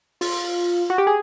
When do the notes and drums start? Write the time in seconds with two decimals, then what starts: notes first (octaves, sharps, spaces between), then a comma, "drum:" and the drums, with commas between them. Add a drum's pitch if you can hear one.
0.21 F4, drum: open hi-hat
0.90 F#4
0.98 G4
1.07 G#4